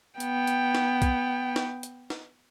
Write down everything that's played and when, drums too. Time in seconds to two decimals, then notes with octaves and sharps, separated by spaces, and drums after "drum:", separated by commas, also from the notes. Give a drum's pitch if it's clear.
0.20 B3 G5, drum: hi-hat
0.47 drum: hi-hat
0.75 drum: snare
1.02 drum: kick B1, hi-hat
1.56 drum: snare
1.83 drum: hi-hat
2.10 drum: snare